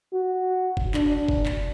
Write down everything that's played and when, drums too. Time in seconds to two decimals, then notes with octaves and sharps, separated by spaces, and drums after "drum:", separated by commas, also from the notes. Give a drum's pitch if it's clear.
0.13 F#4
0.77 drum: kick F#1
0.94 D4, drum: clap
1.29 drum: kick F#1
1.46 drum: clap